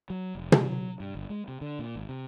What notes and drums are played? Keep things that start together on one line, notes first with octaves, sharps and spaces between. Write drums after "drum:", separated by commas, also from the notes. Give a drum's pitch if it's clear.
F#3
F1
G#3, drum: tom
F#3
G2
G1
G#3
C3
D3
A#2
G#1
C3